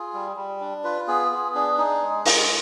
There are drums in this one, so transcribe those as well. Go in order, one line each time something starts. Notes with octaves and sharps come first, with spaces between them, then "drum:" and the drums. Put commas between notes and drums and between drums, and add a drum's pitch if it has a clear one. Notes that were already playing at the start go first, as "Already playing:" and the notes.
Already playing: F4 G#4
G3
G3
D4
F4 B4
B3 G#4
B3 G#4
D4 G#4
D#4 G#4
G#3
G#3, drum: open hi-hat